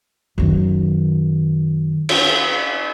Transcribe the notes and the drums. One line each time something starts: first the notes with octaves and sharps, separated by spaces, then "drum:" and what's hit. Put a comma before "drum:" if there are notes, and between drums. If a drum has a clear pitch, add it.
F#2 D#3
drum: cymbal